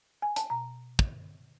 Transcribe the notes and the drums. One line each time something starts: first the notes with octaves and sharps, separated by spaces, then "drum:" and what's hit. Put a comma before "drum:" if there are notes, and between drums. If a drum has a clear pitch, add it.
G#5
A5, drum: hi-hat
B2 A#5
drum: kick